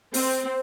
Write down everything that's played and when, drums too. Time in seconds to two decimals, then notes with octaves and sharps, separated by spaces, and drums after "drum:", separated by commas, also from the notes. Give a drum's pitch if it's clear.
0.14 C4, drum: open hi-hat